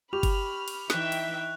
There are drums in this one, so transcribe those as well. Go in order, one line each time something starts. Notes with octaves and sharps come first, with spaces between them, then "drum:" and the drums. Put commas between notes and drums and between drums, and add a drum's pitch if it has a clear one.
G4 B5 C#6 F6 F7
drum: kick G1, cymbal
drum: cymbal
E3 D#4 E5 G5 F#6, drum: snare
drum: cymbal